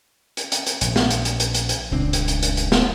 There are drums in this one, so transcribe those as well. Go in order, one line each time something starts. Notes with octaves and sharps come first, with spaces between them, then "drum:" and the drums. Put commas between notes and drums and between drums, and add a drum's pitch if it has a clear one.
drum: hi-hat
drum: hi-hat
drum: hi-hat
A#1, drum: hi-hat
drum: snare
drum: hi-hat
drum: hi-hat
drum: hi-hat
drum: hi-hat
drum: hi-hat
D#1 C#2 C4 D4
drum: hi-hat
drum: hi-hat
drum: hi-hat
drum: hi-hat
drum: snare